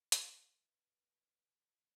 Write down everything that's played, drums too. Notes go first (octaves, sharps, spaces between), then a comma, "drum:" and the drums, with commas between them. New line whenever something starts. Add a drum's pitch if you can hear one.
drum: hi-hat
A#1 B4 E5 G#5